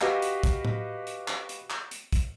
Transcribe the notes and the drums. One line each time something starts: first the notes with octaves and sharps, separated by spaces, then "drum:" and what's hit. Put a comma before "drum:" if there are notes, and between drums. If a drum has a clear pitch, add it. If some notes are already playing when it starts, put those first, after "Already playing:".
F#4 G4 B4 D#5 F5, drum: clap
drum: hi-hat
drum: kick, hi-hat
drum: tom A2
drum: hi-hat
drum: clap
drum: hi-hat
drum: clap
drum: hi-hat
drum: kick, hi-hat